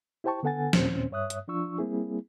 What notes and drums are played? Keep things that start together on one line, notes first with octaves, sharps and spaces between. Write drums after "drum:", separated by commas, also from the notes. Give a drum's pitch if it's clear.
E4 G4 C5 G5 A5 C#6
D3 B3 A4 F#5 G#5 A6
D#2 A#2 C4 C#4 C5, drum: snare
G2 C#5 E5 D#6 F#6
drum: hi-hat
F3 D4 F4 C#6 E6
G3 A#3 C4 E4 G#4